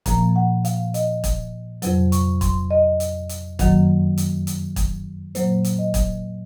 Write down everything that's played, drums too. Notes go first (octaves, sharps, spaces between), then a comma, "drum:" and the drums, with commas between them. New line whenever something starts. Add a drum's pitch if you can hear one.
A#2 F3 A#3 A#5, drum: kick, hi-hat
F#5
F5, drum: hi-hat
D#5, drum: hi-hat
drum: kick, hi-hat
F2 C3 F#3, drum: hi-hat
C#6, drum: hi-hat
C6, drum: kick, hi-hat
D#5
drum: hi-hat
drum: hi-hat
F#2 D#3 F#3 A#3, drum: kick, hi-hat
drum: hi-hat
drum: hi-hat
drum: kick, hi-hat
A#2 F#3 A#3 C5, drum: hi-hat
drum: hi-hat
D#5
drum: kick, hi-hat